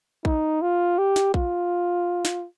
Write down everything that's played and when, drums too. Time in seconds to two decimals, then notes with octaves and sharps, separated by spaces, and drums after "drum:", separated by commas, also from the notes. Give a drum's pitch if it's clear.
0.25 D#4, drum: kick A#1
0.62 F4
0.98 G4
1.16 drum: snare
1.34 F4, drum: kick A#1
2.25 drum: snare